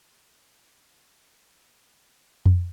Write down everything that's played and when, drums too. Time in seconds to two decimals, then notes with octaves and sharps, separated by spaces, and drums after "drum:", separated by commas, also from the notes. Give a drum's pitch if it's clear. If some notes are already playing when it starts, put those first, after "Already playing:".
0.12 B5 D#6
2.46 drum: tom F2